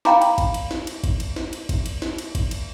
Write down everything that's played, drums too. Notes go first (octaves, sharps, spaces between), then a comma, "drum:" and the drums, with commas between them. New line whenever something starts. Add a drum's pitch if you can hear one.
F5 G5 A#5 B5 D6, drum: snare
drum: cymbal
drum: kick, cymbal
drum: cymbal
drum: snare
drum: cymbal
drum: kick, cymbal
drum: cymbal
drum: snare
drum: cymbal
drum: kick, cymbal
drum: cymbal
drum: snare
drum: cymbal
drum: kick, cymbal
drum: cymbal